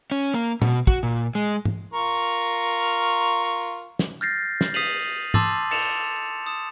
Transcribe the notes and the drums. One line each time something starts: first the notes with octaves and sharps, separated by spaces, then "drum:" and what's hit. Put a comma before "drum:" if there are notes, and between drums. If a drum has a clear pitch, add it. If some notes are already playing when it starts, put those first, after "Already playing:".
C#4
A#3
B2, drum: tom
F#4, drum: kick
A#2
G#3
drum: tom
F4 A#4 C#6
drum: snare
F6 G6 A6 A#6 C7
drum: snare
D#6 B6 C7 D#7 F7 F#7, drum: open hi-hat
A5 C6 D6 E6 A6 F#7, drum: tom
A6 C#7 E7 F7, drum: cymbal
D#6 E7